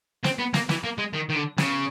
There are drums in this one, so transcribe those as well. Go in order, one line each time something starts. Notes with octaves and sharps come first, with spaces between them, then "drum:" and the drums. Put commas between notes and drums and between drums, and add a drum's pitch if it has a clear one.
C4, drum: snare
B3
A#3, drum: snare
E3, drum: snare
A#3
G#3
D#3
D#3
D3
C#3, drum: snare